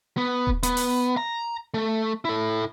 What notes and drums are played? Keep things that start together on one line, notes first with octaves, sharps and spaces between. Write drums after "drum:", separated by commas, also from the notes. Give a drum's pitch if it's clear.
B3
drum: kick D#1
B3, drum: hi-hat
drum: open hi-hat
A#5
A3
E4 A4